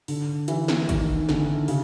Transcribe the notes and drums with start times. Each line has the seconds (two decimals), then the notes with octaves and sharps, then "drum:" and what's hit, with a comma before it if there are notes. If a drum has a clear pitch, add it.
0.08 D3, drum: open hi-hat
0.48 E3, drum: hi-hat
0.68 drum: snare
0.89 D#3, drum: kick, hi-hat
1.29 D3, drum: snare
1.68 C#3, drum: open hi-hat